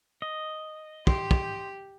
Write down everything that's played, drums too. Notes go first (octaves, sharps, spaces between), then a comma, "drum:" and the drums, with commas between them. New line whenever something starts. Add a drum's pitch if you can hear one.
D#5
G4 C6, drum: kick
drum: kick